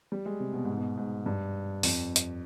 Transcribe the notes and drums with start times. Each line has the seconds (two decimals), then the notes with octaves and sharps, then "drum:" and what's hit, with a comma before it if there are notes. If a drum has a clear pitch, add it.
0.12 G3
0.26 G#3
0.40 C3
0.54 B2
0.65 G#2
0.77 B2
0.97 G#2
1.26 G2
1.83 F2, drum: open hi-hat
2.16 drum: hi-hat